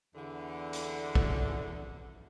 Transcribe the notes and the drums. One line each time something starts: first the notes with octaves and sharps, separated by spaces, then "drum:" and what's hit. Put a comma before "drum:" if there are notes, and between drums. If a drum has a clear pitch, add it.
E2 D3
drum: hi-hat
drum: kick